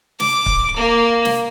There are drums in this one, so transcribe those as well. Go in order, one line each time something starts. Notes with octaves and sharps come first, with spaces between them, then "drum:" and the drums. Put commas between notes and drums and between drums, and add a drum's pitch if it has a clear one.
D6, drum: snare
drum: kick C#1
A#3
drum: snare